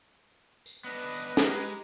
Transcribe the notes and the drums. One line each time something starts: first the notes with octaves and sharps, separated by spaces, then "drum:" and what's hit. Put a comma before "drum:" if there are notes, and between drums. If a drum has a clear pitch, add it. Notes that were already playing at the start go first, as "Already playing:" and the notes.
drum: tambourine
B3 D4 B4 D#5
drum: tambourine
G#3 D#4 G4, drum: snare
drum: tambourine